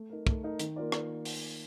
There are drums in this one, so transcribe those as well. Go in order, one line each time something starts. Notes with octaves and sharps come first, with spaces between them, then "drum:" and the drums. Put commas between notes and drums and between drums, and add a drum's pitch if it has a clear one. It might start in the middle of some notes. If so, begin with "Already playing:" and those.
Already playing: A3
D#4 A#4
A3, drum: kick
D#4 A#4
D#3, drum: hi-hat
A#3 F4 A#4 D5
drum: rim click
drum: open hi-hat